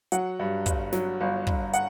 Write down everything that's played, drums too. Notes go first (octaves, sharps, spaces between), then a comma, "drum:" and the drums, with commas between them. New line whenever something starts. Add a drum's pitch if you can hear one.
F#3 F#5, drum: hi-hat
G2
G1, drum: kick, hi-hat
F#3, drum: snare
G1
G1, drum: kick
F#5, drum: hi-hat